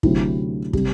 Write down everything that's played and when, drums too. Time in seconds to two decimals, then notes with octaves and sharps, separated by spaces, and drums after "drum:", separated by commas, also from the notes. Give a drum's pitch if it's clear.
0.03 D2 C3 F#3 C4 E4, drum: kick
0.73 C3 G3, drum: kick